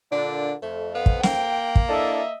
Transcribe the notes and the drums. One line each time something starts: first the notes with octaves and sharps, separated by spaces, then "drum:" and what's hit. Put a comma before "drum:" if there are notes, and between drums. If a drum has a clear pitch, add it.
A#2 D3 D4
F2 A3
B3 F5
drum: kick
A#3 G5, drum: snare
drum: kick
D4 E4 A4 D#5 E5